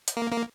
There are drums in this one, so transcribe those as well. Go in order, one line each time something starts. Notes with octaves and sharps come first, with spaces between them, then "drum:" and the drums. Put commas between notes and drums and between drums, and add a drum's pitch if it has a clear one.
drum: hi-hat
A#3
A#3